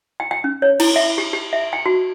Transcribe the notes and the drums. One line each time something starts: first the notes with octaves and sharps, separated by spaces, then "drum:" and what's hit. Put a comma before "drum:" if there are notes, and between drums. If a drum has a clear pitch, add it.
G5
G5
C#4
C#5
E4, drum: cymbal
E5
G4
G4
E5
G5
F#4